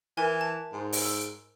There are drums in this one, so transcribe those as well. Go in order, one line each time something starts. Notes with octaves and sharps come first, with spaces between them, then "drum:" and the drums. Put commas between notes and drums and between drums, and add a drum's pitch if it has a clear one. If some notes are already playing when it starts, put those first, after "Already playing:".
E3 A#4 G#5
A5
G#2
drum: open hi-hat
E6